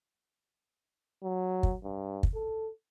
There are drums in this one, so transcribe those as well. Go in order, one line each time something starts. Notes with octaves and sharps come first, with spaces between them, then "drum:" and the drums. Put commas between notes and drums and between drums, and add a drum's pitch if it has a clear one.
F#3
drum: kick
G2
drum: kick
A4